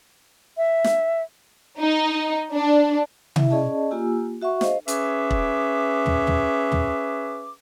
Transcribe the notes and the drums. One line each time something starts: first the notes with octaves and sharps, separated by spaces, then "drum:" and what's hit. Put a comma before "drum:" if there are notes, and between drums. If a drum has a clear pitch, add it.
E5
drum: snare
D#4
D4
E4 E5, drum: tom C3
C#4 G#4 D5 D#5 A5
A#3 F4 G4 G#5 E6
F#4 E5 F#5 C#6
G#4 C5 D#5 F5, drum: snare
C#4 G#4 B4 E5 D6, drum: hi-hat
drum: kick
drum: tom
drum: tom
drum: tom